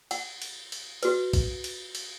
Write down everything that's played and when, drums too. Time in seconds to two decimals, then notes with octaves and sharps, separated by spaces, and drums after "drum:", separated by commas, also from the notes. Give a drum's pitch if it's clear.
0.11 F#5, drum: cymbal
0.42 drum: cymbal
0.72 drum: cymbal
1.03 F#4 B4, drum: cymbal
1.33 drum: kick B1, cymbal
1.64 drum: cymbal
1.95 drum: cymbal